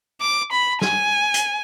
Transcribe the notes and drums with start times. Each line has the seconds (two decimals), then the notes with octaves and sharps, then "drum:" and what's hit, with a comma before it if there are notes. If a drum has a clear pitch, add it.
0.21 D6
0.52 B5
0.81 G#5, drum: snare
1.34 drum: hi-hat